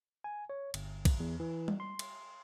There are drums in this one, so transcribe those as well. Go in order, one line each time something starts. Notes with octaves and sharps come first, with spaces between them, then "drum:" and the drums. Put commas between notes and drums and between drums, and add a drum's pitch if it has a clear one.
G#5
C#5
G1, drum: cymbal
drum: kick, cymbal
E2
E3
drum: tom G3
C6
drum: cymbal